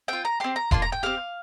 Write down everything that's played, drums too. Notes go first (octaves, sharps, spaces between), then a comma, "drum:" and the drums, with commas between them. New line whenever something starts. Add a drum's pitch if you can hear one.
C4 F4 G5
A#5
C4 G4 C6
A#5
A#3 D4 F4 C6, drum: kick E1
A#5
G5
C4 G4 F5